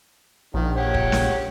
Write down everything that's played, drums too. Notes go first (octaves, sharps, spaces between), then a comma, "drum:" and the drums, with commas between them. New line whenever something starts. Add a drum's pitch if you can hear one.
A#1 D#3
G4 C#5 F#5
drum: kick
drum: snare